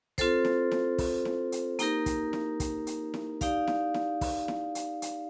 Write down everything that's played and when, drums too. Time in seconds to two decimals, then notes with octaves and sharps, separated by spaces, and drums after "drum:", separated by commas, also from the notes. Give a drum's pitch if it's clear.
0.18 C4 F4 A4 C5, drum: kick, hi-hat
0.45 drum: snare E4
0.71 drum: snare E4
0.98 drum: kick, open hi-hat
1.25 drum: snare E4
1.52 drum: hi-hat
1.79 A#3 D#4 G4 A#4, drum: hi-hat
2.06 drum: kick, hi-hat
2.33 drum: snare E4
2.60 drum: kick, hi-hat
2.87 drum: hi-hat
3.14 drum: snare E4
3.41 D#4 G4 D5 F5, drum: kick, hi-hat
3.67 drum: snare E4
3.94 drum: snare E4
4.21 drum: kick, open hi-hat
4.48 drum: snare E4
4.75 drum: hi-hat
5.02 drum: hi-hat